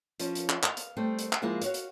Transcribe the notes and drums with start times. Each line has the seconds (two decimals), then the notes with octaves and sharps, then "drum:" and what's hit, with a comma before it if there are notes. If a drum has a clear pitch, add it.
0.20 F3 C#4 F4, drum: hi-hat
0.35 drum: hi-hat
0.49 drum: clap
0.63 F5, drum: clap
0.77 drum: hi-hat
0.97 G3 A3 C4
1.19 drum: hi-hat
1.33 drum: clap
1.42 F3 G#3 A#3 E4 F4 G#4
1.62 F#4 C#5 F5, drum: hi-hat
1.74 drum: hi-hat